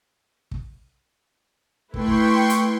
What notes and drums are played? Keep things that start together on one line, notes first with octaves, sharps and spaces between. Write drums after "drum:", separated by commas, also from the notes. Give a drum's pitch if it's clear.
drum: kick
A3 E4 B4 G5 C6 C#6, drum: kick
drum: kick
drum: hi-hat